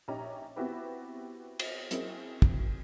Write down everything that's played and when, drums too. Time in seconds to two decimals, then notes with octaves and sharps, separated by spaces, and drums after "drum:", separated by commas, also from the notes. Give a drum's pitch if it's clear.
0.08 A#1 C#4 D#4 G4 C#5 A#5
0.56 B3 C4 E4 F#4 G4 B4
1.59 drum: cymbal
1.91 F#3 A#3 C4 C#4 E4 G#4, drum: hi-hat
2.42 drum: kick